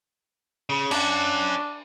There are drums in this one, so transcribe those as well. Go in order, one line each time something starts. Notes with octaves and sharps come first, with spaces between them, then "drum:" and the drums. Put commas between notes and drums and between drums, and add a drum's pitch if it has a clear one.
C#3
C#4 D4 F#4, drum: cymbal